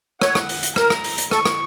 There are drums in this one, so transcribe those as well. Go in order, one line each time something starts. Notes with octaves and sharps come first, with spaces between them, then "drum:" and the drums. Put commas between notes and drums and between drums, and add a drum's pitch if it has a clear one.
C#5 F#5, drum: rim click
drum: rim click
drum: open hi-hat
drum: hi-hat
A#4 A#5, drum: rim click
drum: rim click
drum: open hi-hat
drum: hi-hat
A4 C#6, drum: rim click
drum: rim click